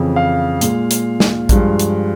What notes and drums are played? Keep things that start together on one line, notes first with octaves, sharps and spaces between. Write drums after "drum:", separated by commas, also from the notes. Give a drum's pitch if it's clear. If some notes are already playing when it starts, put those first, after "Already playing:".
Already playing: F2 C#3 E3
F5
A#2 G#3, drum: hi-hat
drum: hi-hat
drum: snare
G2 F3 G#3, drum: kick A#1, hi-hat
drum: hi-hat